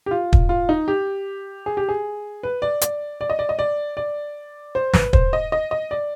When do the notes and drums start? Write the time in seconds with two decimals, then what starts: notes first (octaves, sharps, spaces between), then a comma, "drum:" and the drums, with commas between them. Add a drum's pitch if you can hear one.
0.06 G4
0.11 F4
0.33 drum: kick
0.49 F4
0.69 D#4
0.88 G4
1.66 G#4
1.77 G4
1.89 G#4
2.43 B4
2.62 D5
2.81 D5, drum: hi-hat
3.21 D5
3.30 D#5
3.39 D5
3.49 D#5
3.59 D5
3.97 D5
4.75 C5
4.94 B4, drum: snare
5.13 C5, drum: kick
5.33 D#5
5.52 D#5
5.71 D#5
5.91 D5